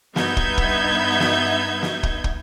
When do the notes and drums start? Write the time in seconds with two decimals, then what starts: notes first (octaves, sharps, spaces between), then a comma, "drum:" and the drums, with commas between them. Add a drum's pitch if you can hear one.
0.16 G2 B3 D#4 E5 G6 G#6, drum: snare
0.37 drum: kick
0.57 drum: kick
1.20 drum: snare
1.82 drum: snare
2.03 drum: kick
2.24 drum: kick